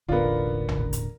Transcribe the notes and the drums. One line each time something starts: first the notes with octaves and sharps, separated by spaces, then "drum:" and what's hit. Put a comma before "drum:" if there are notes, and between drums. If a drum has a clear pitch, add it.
E1 A1 D3 B3 F4 A#4 D5
drum: tom A1
drum: hi-hat